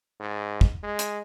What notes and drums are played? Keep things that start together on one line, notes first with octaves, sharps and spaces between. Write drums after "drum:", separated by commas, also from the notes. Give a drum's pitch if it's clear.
G#2
drum: kick
G#3
drum: hi-hat